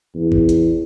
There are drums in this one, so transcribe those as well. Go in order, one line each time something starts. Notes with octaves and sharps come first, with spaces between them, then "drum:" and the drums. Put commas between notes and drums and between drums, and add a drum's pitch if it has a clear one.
E2
drum: kick G#1
drum: hi-hat